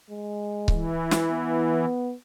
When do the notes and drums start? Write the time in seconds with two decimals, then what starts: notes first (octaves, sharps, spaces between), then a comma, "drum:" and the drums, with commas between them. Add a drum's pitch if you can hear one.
0.11 G#3
0.68 E3, drum: kick C#1
1.11 drum: snare
1.31 B3